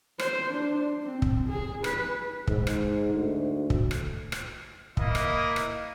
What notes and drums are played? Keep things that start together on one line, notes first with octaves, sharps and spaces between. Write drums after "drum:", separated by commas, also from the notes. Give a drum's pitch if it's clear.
C5, drum: rim click
D4
C4
drum: kick
G#4
B4, drum: rim click
G#2, drum: kick
drum: rim click
D2
drum: kick
drum: rim click
drum: rim click
A#3 E4 D#5, drum: kick
drum: rim click
drum: rim click